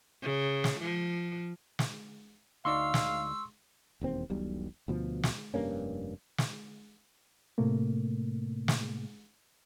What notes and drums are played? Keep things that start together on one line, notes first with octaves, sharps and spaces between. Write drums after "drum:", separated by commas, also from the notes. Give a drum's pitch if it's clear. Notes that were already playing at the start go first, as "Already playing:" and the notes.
C#3
drum: snare
F3
drum: snare
D2 D#4 D5 F5 C6 C#6 E6
drum: snare
E1 D#2 C4
E1 B1 G3
D2 B2 F3
drum: snare
F1 G2 A#3 C#4
drum: snare
A2 C3 A3 A#3
drum: snare